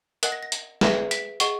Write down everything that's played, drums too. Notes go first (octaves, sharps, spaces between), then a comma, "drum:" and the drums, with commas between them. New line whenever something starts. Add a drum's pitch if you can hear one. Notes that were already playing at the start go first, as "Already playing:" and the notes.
A#4 D#5 F#5 F#6, drum: hi-hat
A#6
A#6
drum: hi-hat
G#4 B4 E5, drum: snare
B6, drum: hi-hat
G#4 D#5 F#5 C#6, drum: hi-hat